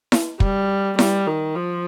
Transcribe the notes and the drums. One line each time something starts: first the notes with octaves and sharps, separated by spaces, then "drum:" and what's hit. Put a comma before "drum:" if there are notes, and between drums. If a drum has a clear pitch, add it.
drum: snare E4
G3, drum: kick
G3, drum: snare E4
D#3
F3